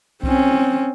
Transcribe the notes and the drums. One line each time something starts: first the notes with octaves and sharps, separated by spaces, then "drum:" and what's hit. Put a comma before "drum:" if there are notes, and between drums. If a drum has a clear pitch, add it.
C4 C#4, drum: kick B1